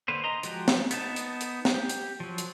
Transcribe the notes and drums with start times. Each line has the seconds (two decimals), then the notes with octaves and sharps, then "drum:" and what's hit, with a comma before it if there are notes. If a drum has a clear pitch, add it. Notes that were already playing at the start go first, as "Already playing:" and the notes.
0.08 D3 A#3 B4 C5
0.24 D#5 A#5 C6
0.43 F3 G#3 F#4 G4, drum: hi-hat
0.68 drum: snare
0.91 B3 D#4 A5, drum: hi-hat
1.16 drum: hi-hat
1.41 drum: hi-hat
1.65 drum: snare
1.74 G4
1.89 drum: hi-hat
2.20 F3 F#3
2.38 drum: hi-hat